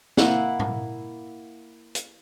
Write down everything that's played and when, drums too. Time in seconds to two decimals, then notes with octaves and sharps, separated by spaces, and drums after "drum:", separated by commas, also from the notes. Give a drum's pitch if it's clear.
0.17 A#3 E4 F#5, drum: snare
0.60 drum: tom
1.95 drum: hi-hat